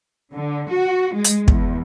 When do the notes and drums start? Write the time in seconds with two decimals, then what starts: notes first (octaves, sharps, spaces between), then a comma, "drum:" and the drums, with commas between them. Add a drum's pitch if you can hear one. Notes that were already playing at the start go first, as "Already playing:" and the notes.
0.33 D3
0.72 F#4
1.14 G#3
1.24 drum: hi-hat
1.48 E2, drum: kick